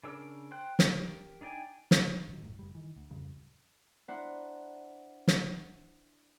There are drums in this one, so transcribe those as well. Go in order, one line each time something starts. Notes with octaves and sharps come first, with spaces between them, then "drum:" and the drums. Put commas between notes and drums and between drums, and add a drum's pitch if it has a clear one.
C#3 D4 A#4 E6
C5 G5 F#6
G4 A#4, drum: snare
D4 D#4 D5 G5 G#5
drum: snare
A#1 D#3 F#3
A1 F#2 A2
F#1 G3
D#3 E3
D2
D1 F2 C#3 G3
D4 E4 C5 F#5 A#5
drum: snare